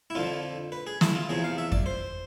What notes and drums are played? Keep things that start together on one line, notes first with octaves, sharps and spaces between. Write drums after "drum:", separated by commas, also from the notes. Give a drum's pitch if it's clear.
E4
F2 D3 F3 F4
B4
G#4
E4, drum: snare
F4
E2 C3 F3 G#4
F5
E5
D5, drum: kick F2
C5